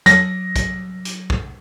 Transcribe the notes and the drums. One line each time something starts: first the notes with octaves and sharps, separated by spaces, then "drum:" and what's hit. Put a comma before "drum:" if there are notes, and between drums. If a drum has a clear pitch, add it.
F#3 A#6, drum: hi-hat
drum: kick, hi-hat
drum: hi-hat
drum: kick